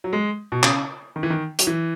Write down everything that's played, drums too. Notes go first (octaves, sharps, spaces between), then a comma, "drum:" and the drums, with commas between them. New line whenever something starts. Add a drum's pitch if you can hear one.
F#3
G#3
B2
C#3, drum: clap
D#3
E3
D#3
F#3, drum: hi-hat
E3